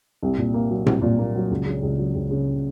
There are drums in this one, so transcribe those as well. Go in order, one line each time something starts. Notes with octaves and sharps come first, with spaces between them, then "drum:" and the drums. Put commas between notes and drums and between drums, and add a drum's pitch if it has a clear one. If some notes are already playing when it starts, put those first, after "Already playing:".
C2
A#2
A#3
F#3
C2, drum: tom A2
A#2
A#3
F#3
C#2
C#3
C#2
F#3
C#2
C#3